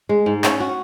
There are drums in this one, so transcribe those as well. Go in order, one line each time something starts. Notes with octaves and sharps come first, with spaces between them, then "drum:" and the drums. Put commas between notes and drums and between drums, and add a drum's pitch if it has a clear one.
G#3
G#2
C#4, drum: clap
F#4